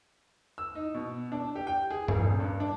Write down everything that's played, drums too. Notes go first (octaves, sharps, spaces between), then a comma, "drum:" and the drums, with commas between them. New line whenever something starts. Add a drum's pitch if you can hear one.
E6
D#4
B2
D4
G4
G5
G#4
E1, drum: tom G2
D#1
G2
D4